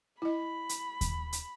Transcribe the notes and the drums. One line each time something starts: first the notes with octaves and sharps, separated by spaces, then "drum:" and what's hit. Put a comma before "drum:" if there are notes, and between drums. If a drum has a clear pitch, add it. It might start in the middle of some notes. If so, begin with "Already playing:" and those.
E4 D#5 B5
drum: hi-hat
drum: kick D#2, hi-hat
drum: hi-hat